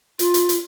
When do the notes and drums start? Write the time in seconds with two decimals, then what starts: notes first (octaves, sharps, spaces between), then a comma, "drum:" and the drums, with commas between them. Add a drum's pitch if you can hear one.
0.19 F4, drum: hi-hat
0.34 drum: hi-hat
0.49 drum: hi-hat